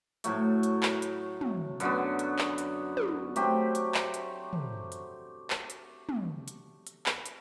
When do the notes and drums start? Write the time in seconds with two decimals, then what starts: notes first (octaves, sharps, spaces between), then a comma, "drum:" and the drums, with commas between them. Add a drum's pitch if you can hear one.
0.24 A2 F#3 A3, drum: hi-hat
0.63 drum: hi-hat
0.83 drum: clap
1.02 drum: hi-hat
1.41 drum: tom
1.80 F#2 D3 F#3 B3, drum: hi-hat
2.19 drum: hi-hat
2.39 drum: clap
2.58 drum: hi-hat
2.97 drum: tom
3.36 F#3 A3 C4 G4, drum: hi-hat
3.75 drum: hi-hat
3.94 drum: clap
4.14 drum: hi-hat
4.53 drum: tom
4.92 drum: hi-hat
5.50 drum: clap
5.70 drum: hi-hat
6.09 drum: tom
6.48 drum: hi-hat
6.87 drum: hi-hat
7.06 drum: clap
7.26 drum: hi-hat